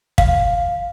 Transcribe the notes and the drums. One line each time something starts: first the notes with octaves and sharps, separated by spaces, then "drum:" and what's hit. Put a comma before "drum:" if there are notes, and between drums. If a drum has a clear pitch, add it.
F5, drum: kick